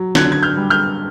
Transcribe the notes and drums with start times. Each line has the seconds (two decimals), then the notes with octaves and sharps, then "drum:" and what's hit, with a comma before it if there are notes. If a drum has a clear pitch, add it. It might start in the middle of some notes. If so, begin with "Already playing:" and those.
Already playing: F#3
0.15 D3 F#6 G#6, drum: snare
0.32 G#6
0.43 F6 G6
0.57 G3
0.70 F6 G6